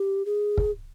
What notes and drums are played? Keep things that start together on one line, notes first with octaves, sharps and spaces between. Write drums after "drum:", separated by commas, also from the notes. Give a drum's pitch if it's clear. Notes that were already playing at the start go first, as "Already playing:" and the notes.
Already playing: G4
G#4
drum: kick